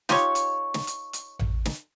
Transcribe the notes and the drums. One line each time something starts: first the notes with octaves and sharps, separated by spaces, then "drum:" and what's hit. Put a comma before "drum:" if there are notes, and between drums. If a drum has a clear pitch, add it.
D#4 F4 G4 C#5, drum: snare
drum: hi-hat
drum: snare
drum: hi-hat
drum: hi-hat
drum: tom A1
drum: snare